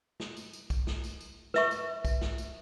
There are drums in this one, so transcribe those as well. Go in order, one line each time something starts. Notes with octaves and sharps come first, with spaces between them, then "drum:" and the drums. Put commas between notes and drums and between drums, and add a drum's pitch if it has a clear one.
drum: snare
drum: tambourine
drum: tambourine
drum: kick B1, tambourine
drum: snare
drum: tambourine
drum: tambourine
B4 E5 C#6, drum: snare
drum: tambourine
drum: kick B1, tambourine
drum: snare
drum: tambourine